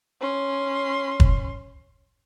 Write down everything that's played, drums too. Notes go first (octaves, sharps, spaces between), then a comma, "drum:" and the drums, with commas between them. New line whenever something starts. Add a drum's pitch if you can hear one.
C#4 C6
drum: kick